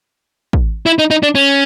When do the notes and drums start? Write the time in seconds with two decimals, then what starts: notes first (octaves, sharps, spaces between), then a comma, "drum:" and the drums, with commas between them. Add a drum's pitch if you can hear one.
0.53 drum: kick
0.86 E4
0.99 D#4
1.11 D#4
1.23 D4
1.35 C#4